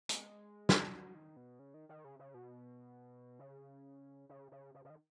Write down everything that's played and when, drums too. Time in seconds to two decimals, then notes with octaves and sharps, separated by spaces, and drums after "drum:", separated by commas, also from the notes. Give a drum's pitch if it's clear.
0.09 G#3, drum: hi-hat
0.69 F#3, drum: snare
1.15 D#3
1.37 B2
1.59 C#3
1.74 D#3
1.89 D#3
2.05 C#3
2.19 C#3
2.34 B2
3.39 C#3
4.29 C#3
4.52 C#3
4.75 C#3
4.85 C#3
4.90 D#3